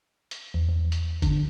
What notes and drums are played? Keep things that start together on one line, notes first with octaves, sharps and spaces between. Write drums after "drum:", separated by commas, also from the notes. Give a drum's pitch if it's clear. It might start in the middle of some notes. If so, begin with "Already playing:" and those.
drum: hi-hat
E2
E2
drum: hi-hat
D3, drum: kick G1, hi-hat